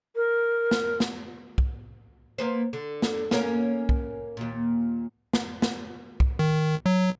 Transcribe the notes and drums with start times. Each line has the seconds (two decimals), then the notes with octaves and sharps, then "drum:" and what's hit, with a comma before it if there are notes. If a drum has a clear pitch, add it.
0.16 A#4
0.71 drum: snare
1.00 drum: snare
1.58 drum: kick C2
2.38 A#3 B3 C5
2.73 D3
3.02 drum: snare
3.31 A#3 C#4 A#4, drum: snare
3.89 drum: kick C2
4.37 D#2 A#2
5.33 drum: snare
5.62 drum: snare
6.20 drum: kick C2
6.39 D#3
6.86 F#3